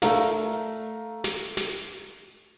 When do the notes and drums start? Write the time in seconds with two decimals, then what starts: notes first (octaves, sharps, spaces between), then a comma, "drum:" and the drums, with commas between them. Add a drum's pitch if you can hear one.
0.02 A3 A#4 F5, drum: snare
0.53 drum: hi-hat
1.24 drum: snare
1.57 drum: snare